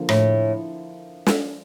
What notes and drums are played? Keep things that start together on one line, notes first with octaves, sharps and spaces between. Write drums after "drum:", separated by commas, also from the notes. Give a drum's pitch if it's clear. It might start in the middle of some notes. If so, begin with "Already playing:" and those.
Already playing: D3 F3 A#3
A2, drum: rim click
drum: snare